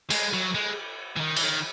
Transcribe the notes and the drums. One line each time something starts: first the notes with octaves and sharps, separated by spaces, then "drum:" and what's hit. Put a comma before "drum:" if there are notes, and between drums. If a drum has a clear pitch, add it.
G#3, drum: cymbal
F#3
G#3
E3
D#3
E3, drum: cymbal
D#3